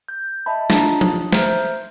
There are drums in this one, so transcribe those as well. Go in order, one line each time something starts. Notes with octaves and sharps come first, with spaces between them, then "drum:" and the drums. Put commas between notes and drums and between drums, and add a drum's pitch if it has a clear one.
G6
D#5 E5 A5 B5
D4 F4 A5 A#5, drum: snare
D#6, drum: tom F3
C5 E5 A#5 F6 G6, drum: snare